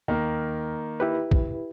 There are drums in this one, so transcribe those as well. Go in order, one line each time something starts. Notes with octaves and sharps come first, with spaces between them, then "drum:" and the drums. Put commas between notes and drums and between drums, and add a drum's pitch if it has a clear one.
D#2 D#3 A#3
E4 G4 B4
drum: kick